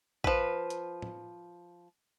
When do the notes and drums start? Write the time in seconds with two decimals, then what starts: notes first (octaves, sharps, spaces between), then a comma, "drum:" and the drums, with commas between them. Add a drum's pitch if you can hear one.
0.24 F3 B4, drum: kick
0.70 drum: hi-hat
1.02 drum: tom